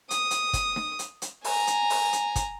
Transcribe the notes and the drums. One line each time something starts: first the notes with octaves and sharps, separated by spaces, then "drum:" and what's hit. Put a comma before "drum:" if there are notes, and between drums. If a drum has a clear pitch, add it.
D#6, drum: hi-hat
drum: hi-hat
drum: kick, hi-hat
drum: snare
drum: hi-hat
drum: hi-hat
G#5 A#5, drum: open hi-hat
drum: hi-hat
drum: open hi-hat
drum: hi-hat
drum: kick, hi-hat